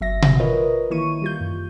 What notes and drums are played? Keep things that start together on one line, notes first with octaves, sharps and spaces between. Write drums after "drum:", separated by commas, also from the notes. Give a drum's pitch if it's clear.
G1 F#3 E5 A#6
drum: tom B2
F4 A#4 B4 C#5 D#5
D#3 E3 A#3 E4 C#6 D#7
G3 F4 G6
F#2